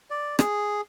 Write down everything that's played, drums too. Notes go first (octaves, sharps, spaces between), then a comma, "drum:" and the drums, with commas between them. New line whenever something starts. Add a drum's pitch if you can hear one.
D5
G#4, drum: rim click